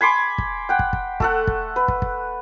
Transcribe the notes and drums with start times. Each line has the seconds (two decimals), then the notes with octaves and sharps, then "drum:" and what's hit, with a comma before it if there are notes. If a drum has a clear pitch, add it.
0.01 G#5 B5 C6 D6
0.38 drum: kick
0.69 F#5 G5
0.79 drum: kick
0.93 drum: kick
1.20 A3 A4 F#5, drum: kick
1.47 drum: kick
1.76 B4
1.88 drum: kick
2.02 drum: kick